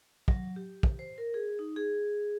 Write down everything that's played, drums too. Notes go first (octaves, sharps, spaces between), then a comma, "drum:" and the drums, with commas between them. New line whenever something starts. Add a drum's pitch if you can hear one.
F#3, drum: kick
G4
drum: kick
C5
A#4
G#4
D#4
G#4